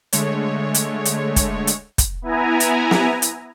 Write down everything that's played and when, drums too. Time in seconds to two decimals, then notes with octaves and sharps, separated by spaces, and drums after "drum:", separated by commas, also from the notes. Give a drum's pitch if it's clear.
0.13 D3 G#3 A3 C#5, drum: hi-hat
0.74 drum: hi-hat
1.05 drum: hi-hat
1.36 drum: kick, hi-hat
1.67 drum: hi-hat
1.98 drum: kick, hi-hat
2.22 B3 E4 G#5 A#5
2.60 drum: hi-hat
2.91 drum: snare
3.22 drum: hi-hat